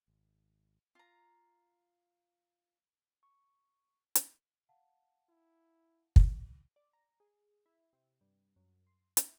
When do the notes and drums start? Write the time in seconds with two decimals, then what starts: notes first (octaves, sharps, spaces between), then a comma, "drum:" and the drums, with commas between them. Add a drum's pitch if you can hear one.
0.08 G#1
0.95 F4 A#5
3.23 C#6
4.15 drum: hi-hat
4.69 F5 F#5 A5
5.29 E4
6.16 drum: kick
6.76 D5
6.93 A#5
7.20 G#4
7.66 E4
7.93 C3
8.21 G2
8.56 F#2
8.87 C6
9.17 E4, drum: hi-hat